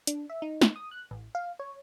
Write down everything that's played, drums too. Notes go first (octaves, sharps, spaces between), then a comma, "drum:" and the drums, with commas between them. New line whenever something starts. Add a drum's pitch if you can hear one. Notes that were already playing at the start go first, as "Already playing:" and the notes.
D4, drum: hi-hat
E5
D#4
drum: snare
D#6
F#6
A1
F5
C#5